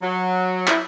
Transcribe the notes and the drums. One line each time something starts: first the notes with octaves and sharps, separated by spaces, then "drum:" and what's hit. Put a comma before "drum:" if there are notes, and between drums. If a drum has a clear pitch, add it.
F#3
E4, drum: clap